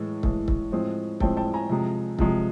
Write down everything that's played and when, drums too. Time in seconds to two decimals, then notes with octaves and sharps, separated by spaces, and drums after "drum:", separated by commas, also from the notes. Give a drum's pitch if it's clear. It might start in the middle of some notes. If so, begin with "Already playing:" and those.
Already playing: A2 E3 G#3
0.23 A2 E3 G#3, drum: kick
0.48 drum: kick
0.72 A2 F3 G#3 C4
1.20 A2 F3 G#3 C4 G5 A5, drum: kick
1.37 G5 A5
1.54 G#5 A#5
1.70 C3 F3 G#3
2.19 C3 F3 G#3, drum: kick